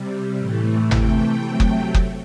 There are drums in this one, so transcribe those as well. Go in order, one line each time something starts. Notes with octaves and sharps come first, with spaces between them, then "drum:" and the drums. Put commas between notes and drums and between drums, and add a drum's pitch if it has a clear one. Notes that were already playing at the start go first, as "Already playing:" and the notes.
Already playing: C3 G3
A2 E3 A3
C3 E3 A3 G5, drum: tom G#1
C3 F#3 A3
drum: kick F#1
drum: kick F#1